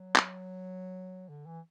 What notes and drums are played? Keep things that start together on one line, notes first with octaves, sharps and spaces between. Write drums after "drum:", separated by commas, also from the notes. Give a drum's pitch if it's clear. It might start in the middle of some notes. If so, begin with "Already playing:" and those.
Already playing: F#3
drum: clap
D3
E3